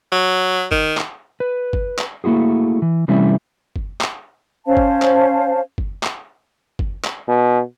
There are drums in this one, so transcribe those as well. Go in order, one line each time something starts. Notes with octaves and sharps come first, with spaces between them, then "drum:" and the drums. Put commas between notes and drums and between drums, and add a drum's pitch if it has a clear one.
F#3
D#3, drum: kick
drum: clap
B4
drum: kick
drum: clap
A3 A#3 E4 F#4 G#4
E3
C3 E3 G3 A3 C#4 E4
drum: kick
drum: clap
C#4 C5 F5 A5
drum: kick
drum: clap
drum: kick
drum: clap
drum: kick
drum: clap
B2